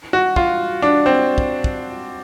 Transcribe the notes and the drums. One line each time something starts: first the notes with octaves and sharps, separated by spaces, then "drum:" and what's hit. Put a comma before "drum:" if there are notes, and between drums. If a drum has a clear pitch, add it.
F#4
F4, drum: kick
D4
C4
drum: kick
drum: kick